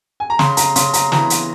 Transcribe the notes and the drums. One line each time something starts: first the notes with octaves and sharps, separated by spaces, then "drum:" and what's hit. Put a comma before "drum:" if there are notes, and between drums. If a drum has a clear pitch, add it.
G#5
A#5
C#3 C6, drum: snare
A#5, drum: hi-hat
C#3 C6, drum: hi-hat
A#5, drum: hi-hat
E3 A#5, drum: snare
drum: hi-hat